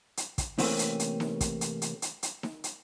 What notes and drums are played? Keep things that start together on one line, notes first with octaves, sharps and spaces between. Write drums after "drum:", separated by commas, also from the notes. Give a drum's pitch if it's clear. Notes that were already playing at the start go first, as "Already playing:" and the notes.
drum: hi-hat
drum: kick, hi-hat
C3 E3 A3 A#3 C4 C#4, drum: open hi-hat
drum: hi-hat
drum: hi-hat
drum: snare D#4
drum: kick, hi-hat
drum: hi-hat
drum: hi-hat
drum: hi-hat
drum: hi-hat
drum: snare D#4
drum: hi-hat